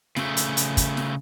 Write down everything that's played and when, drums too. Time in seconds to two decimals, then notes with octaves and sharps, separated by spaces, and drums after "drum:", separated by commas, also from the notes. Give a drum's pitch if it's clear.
0.16 C#3 A3, drum: snare
0.37 drum: hi-hat
0.57 drum: hi-hat
0.77 drum: kick, hi-hat
0.97 drum: snare